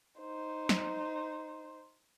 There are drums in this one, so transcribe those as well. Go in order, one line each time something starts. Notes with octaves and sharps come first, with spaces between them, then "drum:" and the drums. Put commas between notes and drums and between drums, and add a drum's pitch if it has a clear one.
D#4 C5
drum: snare